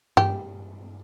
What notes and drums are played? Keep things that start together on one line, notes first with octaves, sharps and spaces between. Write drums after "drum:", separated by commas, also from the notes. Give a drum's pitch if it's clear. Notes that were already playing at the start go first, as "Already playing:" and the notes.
G4, drum: tom G2